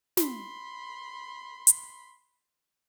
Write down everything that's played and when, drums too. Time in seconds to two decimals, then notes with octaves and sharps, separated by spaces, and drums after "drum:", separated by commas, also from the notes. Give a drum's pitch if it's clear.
0.17 B5 C6, drum: snare
1.67 drum: hi-hat